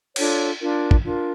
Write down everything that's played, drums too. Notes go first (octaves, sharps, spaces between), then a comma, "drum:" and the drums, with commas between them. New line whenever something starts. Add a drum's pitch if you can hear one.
D4 F4 A4 C#5, drum: cymbal
D4 F4 A#4
drum: kick
D4 F4 A#4